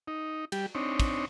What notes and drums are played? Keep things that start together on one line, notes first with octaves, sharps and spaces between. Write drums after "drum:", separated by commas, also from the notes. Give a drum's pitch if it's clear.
D#4
G3 G4, drum: cymbal
C4 D4 D#4 C#5
drum: kick, cymbal